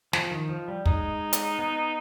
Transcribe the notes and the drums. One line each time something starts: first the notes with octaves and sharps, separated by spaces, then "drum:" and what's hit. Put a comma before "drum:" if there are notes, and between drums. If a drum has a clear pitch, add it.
F3, drum: snare
D#3
F3
G3
G#3 D#4, drum: kick
drum: hi-hat
B3